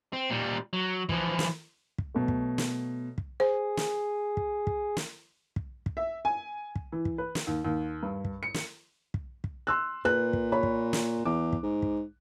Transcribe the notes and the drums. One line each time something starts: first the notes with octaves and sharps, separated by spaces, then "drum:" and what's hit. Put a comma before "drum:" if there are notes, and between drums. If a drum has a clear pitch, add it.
C4
A#2 G3
F#3
E3 F3, drum: kick
drum: snare
drum: kick
B2 F#3 A3
drum: kick
drum: snare
drum: kick
G#4 C5
drum: snare
drum: kick
drum: kick
drum: snare
drum: kick
drum: kick
E5
G#5
drum: kick
E3
drum: kick
B4
drum: snare
D#2
D#2
G2
drum: kick
C#7
drum: snare
drum: kick
drum: kick
C6 E6 F#6
A#2 B4 F#6
drum: kick
C#5 B5
drum: kick
drum: snare
E2 D6
drum: kick
G#2
drum: kick